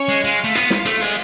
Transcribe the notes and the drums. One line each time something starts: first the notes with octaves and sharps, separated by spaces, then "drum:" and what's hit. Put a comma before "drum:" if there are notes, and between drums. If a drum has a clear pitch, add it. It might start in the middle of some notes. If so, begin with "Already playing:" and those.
Already playing: C#4 C#5
G#3
G#3 F4 F5
A3
B3, drum: hi-hat
drum: snare
A3, drum: hi-hat
G#3, drum: open hi-hat